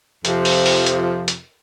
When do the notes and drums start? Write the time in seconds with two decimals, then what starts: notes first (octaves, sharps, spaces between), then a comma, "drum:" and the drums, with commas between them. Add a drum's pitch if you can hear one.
0.25 F2 C3 F3, drum: hi-hat
0.45 drum: open hi-hat
0.66 drum: open hi-hat
0.86 drum: hi-hat
1.28 drum: hi-hat